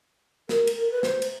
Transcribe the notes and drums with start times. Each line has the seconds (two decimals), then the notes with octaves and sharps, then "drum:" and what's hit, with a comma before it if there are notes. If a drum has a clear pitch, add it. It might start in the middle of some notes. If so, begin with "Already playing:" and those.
0.49 A#4, drum: snare
0.67 drum: cymbal
0.78 A#4
0.91 B4
1.03 C5, drum: snare
1.22 drum: cymbal